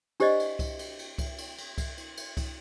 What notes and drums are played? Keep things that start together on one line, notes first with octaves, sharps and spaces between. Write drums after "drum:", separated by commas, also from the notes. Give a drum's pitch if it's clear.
D4 G4 C5 D5 D#5, drum: cymbal
drum: cymbal
drum: kick C2, cymbal
drum: cymbal
drum: cymbal
drum: kick C2, cymbal
drum: cymbal
drum: cymbal
drum: kick C2, cymbal
drum: cymbal
drum: cymbal
drum: kick C2, cymbal